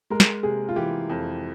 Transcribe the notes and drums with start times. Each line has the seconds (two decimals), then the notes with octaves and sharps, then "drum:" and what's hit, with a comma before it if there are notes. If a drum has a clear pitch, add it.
0.10 G#3 A#4
0.20 drum: snare
0.43 C3 G#4
0.68 F4
0.76 E3 G4
1.09 F2